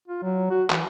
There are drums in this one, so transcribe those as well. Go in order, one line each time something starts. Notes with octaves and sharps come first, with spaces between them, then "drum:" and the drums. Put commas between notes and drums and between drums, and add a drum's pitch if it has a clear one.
F4
F#3
F#4
E3, drum: clap